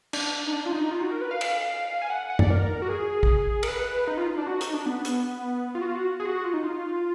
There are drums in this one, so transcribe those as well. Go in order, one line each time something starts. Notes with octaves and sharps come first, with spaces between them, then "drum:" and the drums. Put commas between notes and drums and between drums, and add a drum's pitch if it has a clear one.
D4, drum: cymbal
D#4
D4
F4
D#4
F4
F#4
A#4
B4
F5
drum: cymbal
G#5
F#5
F#5
D5, drum: tom F#2
A#4
F#4
G#4
drum: kick
A#4, drum: cymbal
B4
D#4
F4
D#4
D4
F#4
D#4, drum: hi-hat
D4
B3
drum: hi-hat
F4
F#4
F4
F#4
G#4
F#4
F4
D#4
F4